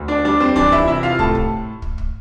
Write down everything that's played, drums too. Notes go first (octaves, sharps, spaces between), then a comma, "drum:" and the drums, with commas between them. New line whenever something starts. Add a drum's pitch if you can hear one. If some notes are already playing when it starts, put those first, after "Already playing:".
Already playing: D2
D4 D5
G3 D4 D5
C4 C5
E3 D4 D5, drum: kick
E4 E5, drum: kick
C3 E4 E5
F4 F5
A2 A4 A5, drum: kick
drum: kick
drum: kick
drum: kick